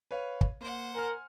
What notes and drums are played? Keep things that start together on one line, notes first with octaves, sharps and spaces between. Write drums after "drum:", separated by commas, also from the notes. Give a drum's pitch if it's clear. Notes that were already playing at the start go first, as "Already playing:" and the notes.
B4 C#5 F5
drum: kick
A#3 C5 F#5
A#4 G#5 F6